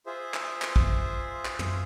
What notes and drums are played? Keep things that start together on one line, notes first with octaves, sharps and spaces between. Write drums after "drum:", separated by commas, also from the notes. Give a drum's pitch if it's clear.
F4 G#4 C5 E5
drum: clap
drum: clap
drum: kick
drum: clap
drum: tom